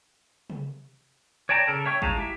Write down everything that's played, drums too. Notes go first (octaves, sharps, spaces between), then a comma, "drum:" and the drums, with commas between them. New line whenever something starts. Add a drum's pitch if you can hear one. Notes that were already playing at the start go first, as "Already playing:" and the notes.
drum: tom
C#5 D5 G5 A5 A#5
C#3 A4 A#4
C#5 E5 G5 C#6
G#3 D#4 F5 A5 A#5, drum: kick
E4 G4 E5